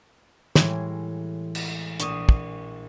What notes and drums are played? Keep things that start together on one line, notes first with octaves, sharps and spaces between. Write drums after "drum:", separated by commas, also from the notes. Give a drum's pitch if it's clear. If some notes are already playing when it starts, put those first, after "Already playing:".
A2 E3 G3 G#3, drum: snare
drum: cymbal
A#1 C#6 D#6 E7, drum: hi-hat
drum: kick